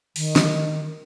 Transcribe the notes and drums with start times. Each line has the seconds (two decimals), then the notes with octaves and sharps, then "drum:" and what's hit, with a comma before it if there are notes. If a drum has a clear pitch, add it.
0.16 D#3, drum: open hi-hat
0.36 drum: snare